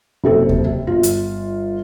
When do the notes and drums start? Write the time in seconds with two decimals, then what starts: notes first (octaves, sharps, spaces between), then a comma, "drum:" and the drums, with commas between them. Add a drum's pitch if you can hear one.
0.24 F#1 C3 A4
0.49 drum: kick D#2
0.87 G1 F4
1.03 drum: hi-hat